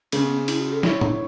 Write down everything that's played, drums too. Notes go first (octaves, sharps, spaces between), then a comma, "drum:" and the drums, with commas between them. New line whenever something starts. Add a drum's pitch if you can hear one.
C#3 C#4, drum: cymbal
B3
C#4
E4, drum: cymbal
F#4
A4
E4 C#5, drum: snare
drum: tom